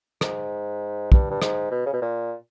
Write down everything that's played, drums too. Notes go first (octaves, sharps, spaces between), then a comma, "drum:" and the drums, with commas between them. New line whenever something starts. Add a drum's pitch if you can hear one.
G#2, drum: rim click
G2, drum: kick
G2
G#2, drum: rim click
B2
C#3
B2
A#2